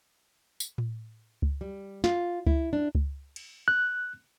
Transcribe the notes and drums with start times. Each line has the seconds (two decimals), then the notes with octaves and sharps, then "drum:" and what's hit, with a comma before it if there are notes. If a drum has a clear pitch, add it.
0.60 drum: tambourine
0.78 drum: tom A2
1.42 drum: kick C#2
1.61 G3
2.04 F4, drum: snare
2.47 E4, drum: kick C#2
2.73 D4
2.95 drum: kick C#2
3.36 drum: cymbal
3.68 F#6